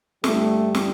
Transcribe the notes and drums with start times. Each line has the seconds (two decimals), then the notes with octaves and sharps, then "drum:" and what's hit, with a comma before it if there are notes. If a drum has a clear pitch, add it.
0.24 G2 D3 G3 A3, drum: snare
0.75 drum: snare